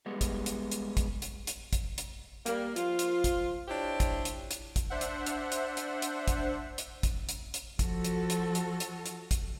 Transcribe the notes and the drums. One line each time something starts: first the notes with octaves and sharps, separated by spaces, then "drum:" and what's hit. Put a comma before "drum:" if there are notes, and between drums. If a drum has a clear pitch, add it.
G3 G#3 B3
drum: kick, hi-hat
drum: hi-hat
drum: hi-hat
drum: kick, hi-hat
drum: hi-hat
drum: hi-hat
drum: kick, hi-hat
drum: hi-hat
G3 A#3, drum: hi-hat
F3 F4, drum: hi-hat
drum: hi-hat
drum: kick, hi-hat
D4 E4 G4 C5 C#5
drum: kick, hi-hat
drum: hi-hat
drum: hi-hat
drum: kick, hi-hat
D4 C5 E5 F#5
drum: hi-hat
drum: hi-hat
drum: hi-hat
drum: hi-hat
drum: hi-hat
drum: kick, hi-hat
drum: hi-hat
drum: kick, hi-hat
drum: hi-hat
drum: hi-hat
F3 F#4 A4, drum: kick, hi-hat
drum: hi-hat
drum: hi-hat
drum: hi-hat
drum: hi-hat
drum: hi-hat
drum: kick, hi-hat